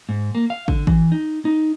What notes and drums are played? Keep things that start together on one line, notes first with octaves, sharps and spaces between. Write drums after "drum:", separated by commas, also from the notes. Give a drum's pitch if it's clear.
G#2
A#3
F5
D3, drum: kick
E3, drum: kick
D#4
D#4